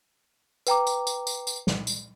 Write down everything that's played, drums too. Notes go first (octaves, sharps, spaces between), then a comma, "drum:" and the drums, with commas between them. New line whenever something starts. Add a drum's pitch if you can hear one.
B4 G5 A#5 D6, drum: tambourine
drum: tambourine
drum: tambourine
drum: tambourine
drum: tambourine
drum: snare
drum: tambourine